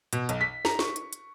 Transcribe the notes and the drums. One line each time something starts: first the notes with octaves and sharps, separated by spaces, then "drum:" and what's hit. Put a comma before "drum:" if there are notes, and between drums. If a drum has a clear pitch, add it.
B2, drum: hi-hat
B1, drum: hi-hat
B6
A#5, drum: snare
C#6, drum: snare
drum: hi-hat
drum: hi-hat